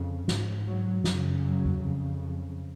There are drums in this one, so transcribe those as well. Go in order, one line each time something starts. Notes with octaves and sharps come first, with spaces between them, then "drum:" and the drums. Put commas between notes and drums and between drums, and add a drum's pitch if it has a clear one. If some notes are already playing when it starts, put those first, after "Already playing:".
Already playing: F2 C#3
G#2, drum: snare
F#3
F#2 C#3, drum: snare
F#3
drum: tom E2
F2 C#3